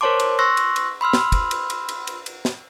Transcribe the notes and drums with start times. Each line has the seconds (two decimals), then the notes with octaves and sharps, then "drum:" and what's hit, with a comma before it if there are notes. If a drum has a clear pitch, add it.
0.01 A#4 C5 C#5 A5 C6 D6
0.20 drum: cymbal
0.39 C6 C#6 E6 F#6 A#6
0.57 drum: cymbal
0.76 drum: cymbal
1.01 B5 C6 E6 F6
1.13 drum: snare
1.32 drum: kick, cymbal
1.51 drum: cymbal
1.70 drum: cymbal
1.89 drum: cymbal
2.07 drum: cymbal
2.26 drum: cymbal
2.45 drum: snare